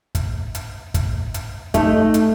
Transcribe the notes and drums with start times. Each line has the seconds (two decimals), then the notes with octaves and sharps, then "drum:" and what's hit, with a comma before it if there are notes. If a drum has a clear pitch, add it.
0.15 drum: kick, hi-hat
0.55 drum: hi-hat
0.94 drum: kick, hi-hat
1.34 drum: hi-hat
1.74 A3 D#4, drum: kick, hi-hat
2.14 drum: hi-hat